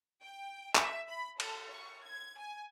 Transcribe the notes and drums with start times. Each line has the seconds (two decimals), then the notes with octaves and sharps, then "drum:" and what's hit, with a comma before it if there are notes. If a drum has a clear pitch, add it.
0.22 G5
0.75 E5, drum: clap
1.08 B5
1.40 A4, drum: cymbal
1.72 C#6
2.04 G#6
2.38 G#5